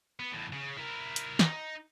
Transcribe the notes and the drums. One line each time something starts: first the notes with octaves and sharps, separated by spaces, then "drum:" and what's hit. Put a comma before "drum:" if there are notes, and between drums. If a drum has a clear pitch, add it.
B3
E2 A2
C#3
E4 A#4
drum: hi-hat
D#4, drum: snare